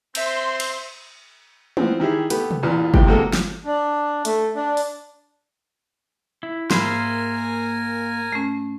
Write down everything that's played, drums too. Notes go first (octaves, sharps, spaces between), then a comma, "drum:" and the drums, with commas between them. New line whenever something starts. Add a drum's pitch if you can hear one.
C4 C5 E5 C6, drum: cymbal
drum: cymbal
E3 F3 B3 C4, drum: tom
D#3 E4 G4 G#4
A3 B3 G4 B4, drum: hi-hat
drum: tom
A1 E2 A#2 F4
A#1 G2 C3 E3 G5, drum: kick G1
C3 G#3 A#3 F#4 A4 A#4
drum: snare
D4
A3, drum: hi-hat
D4
drum: open hi-hat
E4
G#2 A#3 A#4 C5 E5 G#5 B5 C6, drum: snare
A3 C#4